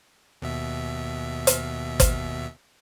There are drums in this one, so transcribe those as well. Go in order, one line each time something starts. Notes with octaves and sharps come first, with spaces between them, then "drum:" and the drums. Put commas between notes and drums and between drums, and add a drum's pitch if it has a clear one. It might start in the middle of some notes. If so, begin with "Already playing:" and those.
D#2 B2 E5
drum: hi-hat
drum: kick, hi-hat